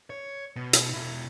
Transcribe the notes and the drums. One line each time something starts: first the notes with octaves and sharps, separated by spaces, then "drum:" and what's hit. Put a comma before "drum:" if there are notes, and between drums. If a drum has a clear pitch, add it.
C#5
B2
drum: hi-hat
B2 E4